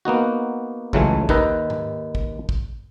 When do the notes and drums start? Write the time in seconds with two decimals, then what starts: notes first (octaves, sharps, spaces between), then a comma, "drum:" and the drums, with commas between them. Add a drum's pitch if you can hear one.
0.05 A#3 B3 D#4 F#4
0.93 C#2 C#3 E3 F#3 G#3 A3, drum: kick
1.29 D#2 D#3 D#4 B4 E5 A#5, drum: kick
1.70 drum: tom G#2
2.15 drum: kick
2.49 drum: kick